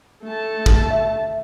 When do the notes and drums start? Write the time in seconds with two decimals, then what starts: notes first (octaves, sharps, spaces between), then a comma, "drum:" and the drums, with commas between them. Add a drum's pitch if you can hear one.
0.24 A3 A5
0.66 drum: kick
0.91 E5